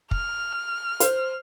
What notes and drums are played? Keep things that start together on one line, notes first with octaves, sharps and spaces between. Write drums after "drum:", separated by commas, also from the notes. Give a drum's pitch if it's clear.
F6, drum: kick
C5, drum: hi-hat